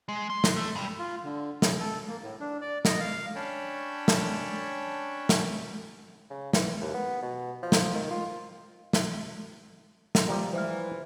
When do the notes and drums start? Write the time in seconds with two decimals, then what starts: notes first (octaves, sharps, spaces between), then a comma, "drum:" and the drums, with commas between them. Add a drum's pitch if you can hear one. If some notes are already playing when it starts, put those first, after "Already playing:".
0.08 G#3
0.30 C6
0.44 drum: snare
0.56 A3
0.75 G2
0.99 F4
1.24 D3
1.62 C#3, drum: snare
1.80 A4
2.08 A#3
2.23 A2
2.40 D4
2.61 D5
2.85 D#5, drum: snare
3.00 F5
3.35 C#4 D4 C#5 G5 A5 B5
4.08 drum: snare
5.29 drum: snare
6.30 C#3
6.53 E3, drum: snare
6.81 D#2
6.94 B3
7.23 B2
7.63 F3
7.72 drum: snare
7.94 D#3
8.11 F4
8.93 drum: snare
10.15 drum: snare
10.27 F3 G3 A#5
10.53 E3 C5 E5 F6